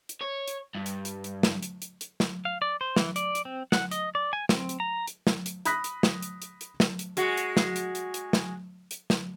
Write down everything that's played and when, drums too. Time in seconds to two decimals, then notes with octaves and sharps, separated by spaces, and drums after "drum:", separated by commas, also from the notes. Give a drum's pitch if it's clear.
0.09 drum: hi-hat
0.21 C#5
0.48 drum: hi-hat
0.75 G2
0.86 drum: hi-hat
1.05 drum: hi-hat
1.24 drum: hi-hat
1.43 drum: snare
1.63 drum: hi-hat
1.82 drum: hi-hat
2.01 drum: hi-hat
2.20 drum: snare
2.45 F5
2.62 D5
2.81 C5
2.96 E3, drum: snare
3.16 D5, drum: hi-hat
3.35 drum: hi-hat
3.45 C4
3.72 F#5, drum: snare
3.91 D#5, drum: hi-hat
4.15 D5
4.33 G#5
4.49 C4, drum: snare
4.69 drum: hi-hat
4.80 A#5
5.07 drum: hi-hat
5.27 drum: snare
5.46 drum: hi-hat
5.65 B5 D#6 F#6 A#6 B6, drum: hi-hat
5.84 drum: hi-hat
6.03 drum: snare
6.22 drum: hi-hat
6.42 drum: hi-hat
6.61 drum: hi-hat
6.80 drum: snare
6.99 drum: hi-hat
7.17 G#3 F#4, drum: hi-hat
7.37 drum: hi-hat
7.57 drum: snare
7.76 drum: hi-hat
7.95 drum: hi-hat
8.14 drum: hi-hat
8.33 drum: snare
8.91 drum: hi-hat
9.10 drum: snare